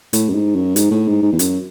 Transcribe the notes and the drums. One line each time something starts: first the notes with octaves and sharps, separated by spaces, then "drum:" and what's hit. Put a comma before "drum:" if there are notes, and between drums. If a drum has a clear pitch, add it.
A2, drum: hi-hat
F#2
G#2
F#2
G#2, drum: hi-hat
A2
G#2
G#2
E2
F#2, drum: hi-hat